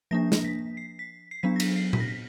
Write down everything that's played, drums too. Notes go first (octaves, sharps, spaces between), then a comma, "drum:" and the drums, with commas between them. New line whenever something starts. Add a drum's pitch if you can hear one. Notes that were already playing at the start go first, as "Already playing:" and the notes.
F3 A#3 D4 A#6
drum: snare
B6
C7
B6
C7
F#3 B3 D4 B6
A#6
B6, drum: cymbal
C7
B6, drum: tom A#2
A#6
B6